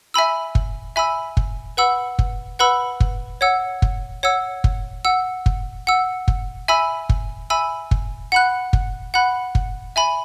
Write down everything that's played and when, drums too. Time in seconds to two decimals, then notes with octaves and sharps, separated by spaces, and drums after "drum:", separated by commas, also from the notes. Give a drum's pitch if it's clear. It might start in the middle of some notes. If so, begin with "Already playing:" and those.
0.14 E5 G#5 B5 E6
0.55 drum: kick
0.96 E5 G#5 B5 E6
1.37 drum: kick
1.77 B4 F#5 B5 E6
2.19 drum: kick
2.59 B4 F#5 B5 E6
3.00 drum: kick
3.41 C#5 F#5 E6
3.82 drum: kick
4.23 C#5 F#5 E6
4.64 drum: kick
5.05 F#5 E6
5.46 drum: kick
5.87 F#5 E6
6.28 drum: kick
6.68 E5 G#5 B5 E6
7.09 drum: kick
7.50 E5 G#5 B5 E6
7.91 drum: kick
8.32 F#5 B5 F#6
8.73 drum: kick
9.14 F#5 B5 F#6
9.55 drum: kick
9.96 E5 G#5 B5